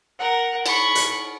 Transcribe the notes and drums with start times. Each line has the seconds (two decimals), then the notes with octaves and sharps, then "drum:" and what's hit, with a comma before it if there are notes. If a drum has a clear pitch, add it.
0.19 A#4 F#5
0.66 B5 C#6, drum: cymbal
0.95 drum: hi-hat